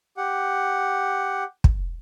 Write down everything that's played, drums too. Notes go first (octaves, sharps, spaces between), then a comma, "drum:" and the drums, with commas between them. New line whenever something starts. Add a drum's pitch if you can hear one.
G4 F#5
drum: kick